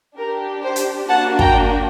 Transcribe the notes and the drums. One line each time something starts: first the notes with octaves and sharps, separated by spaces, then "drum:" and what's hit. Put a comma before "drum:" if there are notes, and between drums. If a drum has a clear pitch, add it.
D4 G4 A#4
C5
drum: hi-hat
A#3 D4 F#4 F#5 A5
G5 A#5, drum: kick